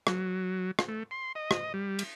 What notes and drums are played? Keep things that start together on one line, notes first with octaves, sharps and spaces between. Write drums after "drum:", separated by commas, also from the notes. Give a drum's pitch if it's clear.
F#3, drum: rim click
drum: rim click
A3
C6
D#5
drum: rim click
G3
drum: cymbal